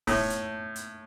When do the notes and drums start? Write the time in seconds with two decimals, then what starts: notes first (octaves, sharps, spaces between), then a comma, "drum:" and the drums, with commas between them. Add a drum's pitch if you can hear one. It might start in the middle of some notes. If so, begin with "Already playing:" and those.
0.07 A2, drum: kick D1, open hi-hat
0.30 drum: hi-hat
0.76 drum: hi-hat